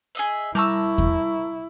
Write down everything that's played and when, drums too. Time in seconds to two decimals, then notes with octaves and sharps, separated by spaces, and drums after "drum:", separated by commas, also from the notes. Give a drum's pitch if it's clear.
0.15 G#4 D#5 E5
0.55 G3 E4 A#4 A5 C#6 E6
0.98 drum: kick E2